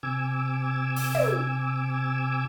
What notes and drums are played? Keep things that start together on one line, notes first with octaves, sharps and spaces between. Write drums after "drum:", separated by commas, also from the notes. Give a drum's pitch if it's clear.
C3 G#5 D6 E6
drum: open hi-hat
drum: tom